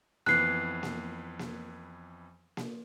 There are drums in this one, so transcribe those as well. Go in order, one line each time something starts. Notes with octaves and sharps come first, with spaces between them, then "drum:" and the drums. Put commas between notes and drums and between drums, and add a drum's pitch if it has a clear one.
F2 E3 B3 F#6 C7, drum: snare A#3
drum: snare A#3
drum: snare A#3
drum: snare A#3